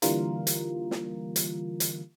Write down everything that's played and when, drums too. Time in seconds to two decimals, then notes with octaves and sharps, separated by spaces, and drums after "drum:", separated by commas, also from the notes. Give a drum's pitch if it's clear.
0.02 D3 E3 G3 A#3 F4 A#4, drum: hi-hat
0.47 drum: hi-hat
0.91 drum: snare
1.36 drum: hi-hat
1.80 drum: hi-hat